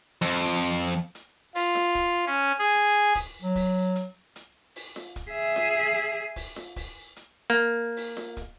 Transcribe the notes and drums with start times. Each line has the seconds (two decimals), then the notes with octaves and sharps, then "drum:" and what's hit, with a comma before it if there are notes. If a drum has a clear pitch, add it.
0.22 F2
0.75 drum: hi-hat
1.15 drum: hi-hat
1.55 F4, drum: open hi-hat
1.75 drum: snare F4
1.95 drum: kick, hi-hat
2.26 C#4
2.59 G#4
2.75 drum: hi-hat
3.15 drum: kick, open hi-hat
3.42 F#3
3.55 drum: kick, open hi-hat
3.96 drum: hi-hat
4.36 drum: hi-hat
4.76 drum: open hi-hat
4.96 drum: snare F4
5.16 drum: kick, hi-hat
5.31 G#4 E5
5.56 drum: snare F4
5.96 drum: hi-hat
6.36 drum: kick, open hi-hat
6.56 drum: snare F4
6.76 drum: kick, open hi-hat
7.16 drum: hi-hat
7.50 A#3
7.97 drum: open hi-hat
8.17 drum: snare F4
8.37 drum: kick, hi-hat